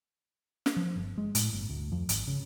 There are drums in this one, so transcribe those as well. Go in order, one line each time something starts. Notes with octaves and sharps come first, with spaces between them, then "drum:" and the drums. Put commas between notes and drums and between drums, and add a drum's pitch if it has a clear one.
drum: snare
F3
G1
G#3
A2, drum: hi-hat
G1
D2
F2
G#1, drum: hi-hat
C#3